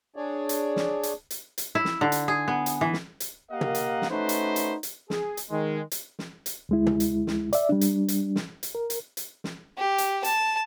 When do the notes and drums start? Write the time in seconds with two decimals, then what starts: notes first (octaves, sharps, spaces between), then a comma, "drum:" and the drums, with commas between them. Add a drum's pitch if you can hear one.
0.16 D4 G#4 C#5 D5
0.49 drum: hi-hat
0.76 drum: snare
1.03 drum: hi-hat
1.30 drum: hi-hat
1.58 drum: hi-hat
1.75 E4
1.85 drum: snare
2.01 D3
2.12 drum: hi-hat
2.28 G#4
2.48 B3
2.66 drum: hi-hat
2.81 E3
2.93 drum: snare
3.20 drum: hi-hat
3.51 A#3 G4 A#4 D#5 F5 F#5
3.61 drum: tom
3.75 drum: hi-hat
4.02 drum: snare
4.11 A3 C#4 D#4 F#4 B4 C5
4.29 drum: hi-hat
4.56 drum: hi-hat
4.83 drum: hi-hat
5.10 G#4, drum: snare
5.37 drum: hi-hat
5.51 D#3 G#3
5.92 drum: hi-hat
6.19 drum: snare
6.46 drum: hi-hat
6.69 D2 G#3 E4
6.86 drum: tom
7.00 drum: hi-hat
7.27 drum: snare
7.53 D5 E5, drum: hi-hat
7.69 G3 D4
7.81 drum: hi-hat
8.08 drum: hi-hat
8.36 drum: snare
8.63 drum: hi-hat
8.75 A#4
8.90 drum: hi-hat
9.17 drum: hi-hat
9.44 drum: snare
9.78 G4
9.98 drum: hi-hat
10.24 A5, drum: hi-hat